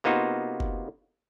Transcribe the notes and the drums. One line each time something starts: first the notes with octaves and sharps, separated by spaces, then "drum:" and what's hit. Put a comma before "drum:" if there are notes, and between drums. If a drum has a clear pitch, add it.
C3 A#3 B3 D#4 F4 F#4
drum: kick F#1